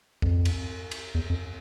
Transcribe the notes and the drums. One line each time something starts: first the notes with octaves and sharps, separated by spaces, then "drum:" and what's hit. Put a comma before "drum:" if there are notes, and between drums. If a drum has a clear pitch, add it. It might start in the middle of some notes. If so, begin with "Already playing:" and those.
F2, drum: kick
drum: cymbal
drum: cymbal
E2
F2